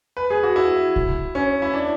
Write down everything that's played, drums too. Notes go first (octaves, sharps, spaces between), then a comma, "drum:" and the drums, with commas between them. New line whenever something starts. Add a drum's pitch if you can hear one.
B4
G#4
F#4
E4
drum: kick C2
C#4
E4
D4